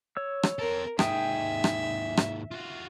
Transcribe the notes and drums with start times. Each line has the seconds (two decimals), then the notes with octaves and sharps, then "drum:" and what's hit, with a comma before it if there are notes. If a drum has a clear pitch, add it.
0.17 C#5 E6
0.43 drum: rim click
0.59 C4 A4 A#4
0.99 D#2 G#2 G#4 E5 G5 D#6, drum: rim click
1.64 drum: rim click
2.17 drum: rim click
2.51 F4 F#4